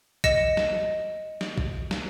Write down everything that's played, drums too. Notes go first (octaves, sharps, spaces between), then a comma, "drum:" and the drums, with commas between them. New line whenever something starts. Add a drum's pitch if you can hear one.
D#5 A#6 C#7 E7, drum: kick
drum: snare
drum: snare
drum: kick
drum: snare